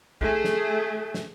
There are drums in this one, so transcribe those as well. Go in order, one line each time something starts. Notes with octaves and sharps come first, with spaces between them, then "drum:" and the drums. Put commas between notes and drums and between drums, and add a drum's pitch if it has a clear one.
A3 G#4, drum: kick
drum: snare
drum: snare